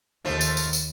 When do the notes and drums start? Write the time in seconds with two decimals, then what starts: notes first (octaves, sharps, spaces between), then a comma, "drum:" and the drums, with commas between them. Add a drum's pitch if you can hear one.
0.25 D#2 F3 A3 C5
0.41 drum: tambourine
0.57 drum: tambourine
0.73 drum: tambourine